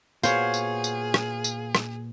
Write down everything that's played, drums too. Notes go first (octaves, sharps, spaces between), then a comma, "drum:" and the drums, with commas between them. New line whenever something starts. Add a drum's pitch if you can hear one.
A#2 B3 F#4 G#4 C5 C#5 F5, drum: tambourine
drum: tambourine
drum: tambourine
drum: rim click
drum: tambourine
drum: rim click